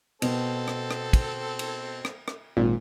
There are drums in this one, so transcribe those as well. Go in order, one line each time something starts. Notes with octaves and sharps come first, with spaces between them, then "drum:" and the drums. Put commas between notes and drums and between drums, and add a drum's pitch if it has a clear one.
B2 C4 A4, drum: cymbal
drum: rim click
drum: rim click
drum: kick, cymbal
drum: cymbal
drum: rim click
drum: rim click
G#1 A#2